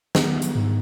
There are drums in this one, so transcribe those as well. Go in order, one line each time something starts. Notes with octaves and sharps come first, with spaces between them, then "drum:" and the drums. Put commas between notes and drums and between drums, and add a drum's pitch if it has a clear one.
D#3 G#3 B3 G#4, drum: snare
drum: hi-hat
G#2